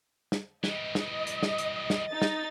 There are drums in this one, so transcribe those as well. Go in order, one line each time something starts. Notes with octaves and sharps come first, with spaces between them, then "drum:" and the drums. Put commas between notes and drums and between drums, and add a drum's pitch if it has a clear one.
drum: snare
E3 G3 D#5, drum: snare
drum: snare
drum: hi-hat
drum: snare
drum: hi-hat
drum: snare
D#4 A6
drum: snare